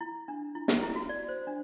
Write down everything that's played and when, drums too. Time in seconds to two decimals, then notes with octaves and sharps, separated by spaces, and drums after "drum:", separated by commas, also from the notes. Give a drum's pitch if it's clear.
0.01 E4
0.28 D4
0.55 E4
0.68 E4, drum: snare
0.83 E4
0.96 F#4
1.09 D5
1.28 C5
1.47 D4